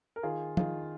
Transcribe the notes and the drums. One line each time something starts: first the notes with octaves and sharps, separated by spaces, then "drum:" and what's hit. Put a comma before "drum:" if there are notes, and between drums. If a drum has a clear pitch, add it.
A#4
D#3 F4 G#4
D#3 F4 G#4, drum: tom